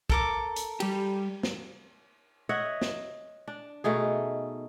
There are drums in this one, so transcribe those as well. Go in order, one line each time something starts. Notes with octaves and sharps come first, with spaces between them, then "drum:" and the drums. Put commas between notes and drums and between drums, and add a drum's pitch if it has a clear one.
A4 A#4 D6, drum: kick
drum: hi-hat
G3 G4, drum: cymbal
drum: snare
C#5 D#5 E5 F#5
drum: snare
D4
B2 A3 D#4 G#4